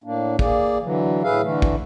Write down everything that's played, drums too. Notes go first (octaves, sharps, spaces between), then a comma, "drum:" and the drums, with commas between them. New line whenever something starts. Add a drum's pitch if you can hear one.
A2 A#3 D4
A#3 G#4 D5, drum: kick
D3 E3 F#3
A2 G#4 B4 E5 F5
D3 E3 A3
drum: kick